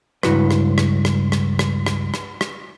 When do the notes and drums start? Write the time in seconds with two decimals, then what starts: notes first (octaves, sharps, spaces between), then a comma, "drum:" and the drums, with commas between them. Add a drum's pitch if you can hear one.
0.23 C#2 G2 C#3 E4 F#4 B4, drum: rim click
0.51 drum: rim click
0.78 drum: rim click
1.05 drum: rim click
1.32 drum: rim click
1.59 drum: rim click
1.86 drum: rim click
2.14 drum: rim click
2.41 drum: rim click